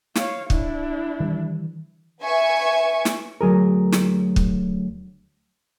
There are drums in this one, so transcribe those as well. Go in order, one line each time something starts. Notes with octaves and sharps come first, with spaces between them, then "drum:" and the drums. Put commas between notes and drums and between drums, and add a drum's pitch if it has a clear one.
C#5 F5, drum: snare
D4 E4, drum: kick
D#3 E3 G3
B4 E5 G#5 C#6 G#6
drum: snare
D2 F#3 G#4 A#4
drum: snare
drum: kick